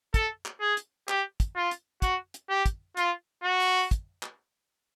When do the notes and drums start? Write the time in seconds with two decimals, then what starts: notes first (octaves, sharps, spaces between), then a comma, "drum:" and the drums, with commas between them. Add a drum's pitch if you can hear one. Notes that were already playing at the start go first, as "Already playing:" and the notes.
0.14 A4, drum: kick, hi-hat
0.46 drum: clap
0.61 G#4
0.77 drum: hi-hat
1.09 G4, drum: clap
1.40 drum: kick, hi-hat
1.56 F4
1.71 drum: hi-hat
2.02 F#4, drum: kick, hi-hat
2.34 drum: hi-hat
2.50 G4
2.66 drum: kick, hi-hat
2.97 F4, drum: hi-hat
3.44 F#4
3.60 drum: open hi-hat
3.91 drum: kick, hi-hat
4.23 drum: clap